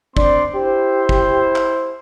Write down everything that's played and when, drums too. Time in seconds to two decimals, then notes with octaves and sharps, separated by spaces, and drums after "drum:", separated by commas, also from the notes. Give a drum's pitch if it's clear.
0.17 C4 D4 D5 C6, drum: kick
0.54 E4 G4 C5
1.09 drum: kick
1.56 drum: clap